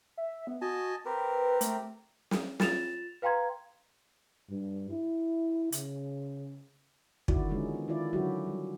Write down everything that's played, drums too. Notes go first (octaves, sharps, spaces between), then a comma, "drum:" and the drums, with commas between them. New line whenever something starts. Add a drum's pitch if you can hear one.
E5
B3
F#4 D#5 G#5 A5
C4 G4 A#4 B4
A3, drum: hi-hat
drum: snare
F4 A6 E7 F7, drum: snare
B4 F5 G5 A#5 C6 G#6
G2
E4
C#3, drum: hi-hat
D3 D#3 E4 F#4 D5, drum: kick
D3 F3 G#3 C#4 D#4
B3
D#3 E4 F4 D5
D3 F#3 C#4 E4 F#4 G4
G3